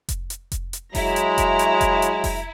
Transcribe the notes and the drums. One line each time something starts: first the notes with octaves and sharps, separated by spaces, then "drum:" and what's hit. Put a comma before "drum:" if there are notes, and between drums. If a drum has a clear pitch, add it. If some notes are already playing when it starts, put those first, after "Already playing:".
drum: kick F1, hi-hat
drum: hi-hat
drum: kick F1, hi-hat
drum: hi-hat
F#3 G#3 E4 A#5, drum: kick F1, open hi-hat
drum: hi-hat
drum: kick F1, hi-hat
drum: hi-hat
drum: kick F1, hi-hat
drum: hi-hat
drum: kick F1, open hi-hat